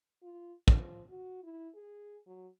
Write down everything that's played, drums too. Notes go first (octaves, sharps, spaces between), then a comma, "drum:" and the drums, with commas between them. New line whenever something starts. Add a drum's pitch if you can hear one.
F4
F3, drum: kick
F#4
E4
G#4
F#3